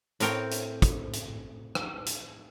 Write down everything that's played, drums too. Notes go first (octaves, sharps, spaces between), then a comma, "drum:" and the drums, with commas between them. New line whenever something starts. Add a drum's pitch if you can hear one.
A2 C4 A#4 C#5 G5, drum: hi-hat
drum: hi-hat
drum: kick, hi-hat
drum: hi-hat
drum: rim click
drum: hi-hat